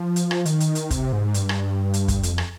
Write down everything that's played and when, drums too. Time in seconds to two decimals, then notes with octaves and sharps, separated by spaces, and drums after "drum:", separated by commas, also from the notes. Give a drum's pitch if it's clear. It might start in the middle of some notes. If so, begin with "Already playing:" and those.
Already playing: F3
0.16 drum: hi-hat
0.31 drum: rim click
0.45 D#3, drum: hi-hat
0.60 drum: hi-hat
0.75 drum: hi-hat
0.91 C3, drum: kick, hi-hat
1.13 G#2
1.34 G2, drum: hi-hat
1.49 drum: rim click
1.94 drum: hi-hat
2.08 drum: kick, hi-hat
2.23 F2, drum: hi-hat
2.38 drum: rim click